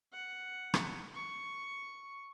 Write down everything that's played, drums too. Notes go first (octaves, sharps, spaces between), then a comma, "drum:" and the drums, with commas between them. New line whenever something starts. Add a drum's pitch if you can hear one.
F#5
drum: rim click
C#6